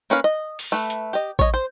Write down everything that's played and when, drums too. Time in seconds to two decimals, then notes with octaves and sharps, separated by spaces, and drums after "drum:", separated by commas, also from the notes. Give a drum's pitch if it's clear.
0.10 A#3 C#4 B4 F5
0.24 D#5
0.59 drum: open hi-hat
0.72 A3 B4
0.90 drum: hi-hat
1.13 G4 D#5
1.39 C#5 D#5, drum: kick A1
1.54 C5